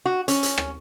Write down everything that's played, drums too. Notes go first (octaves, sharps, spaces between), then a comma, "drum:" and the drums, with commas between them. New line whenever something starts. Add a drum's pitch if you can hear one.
F#4
C#4, drum: hi-hat
drum: hi-hat
drum: rim click